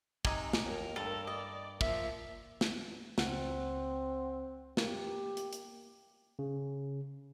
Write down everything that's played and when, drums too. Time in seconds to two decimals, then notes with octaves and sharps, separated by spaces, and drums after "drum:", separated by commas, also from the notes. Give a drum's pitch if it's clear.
0.25 C3 D#4 G#5, drum: kick
0.53 drum: snare
0.65 D#2 A#4
0.96 G2 A4
1.27 D5 D#5
1.81 F3 A#3 E5, drum: kick
2.61 drum: snare
3.18 C#2 C4 F#5, drum: snare
4.77 A#3 G4, drum: snare
5.37 drum: hi-hat
5.53 drum: hi-hat
6.39 C#3